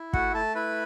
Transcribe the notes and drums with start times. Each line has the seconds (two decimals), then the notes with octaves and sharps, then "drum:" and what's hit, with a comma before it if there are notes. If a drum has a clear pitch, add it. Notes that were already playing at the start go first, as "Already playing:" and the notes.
Already playing: E4
0.13 A3 F#4 F#5, drum: kick
0.34 A3 A4 A5
0.55 E4 B4 B5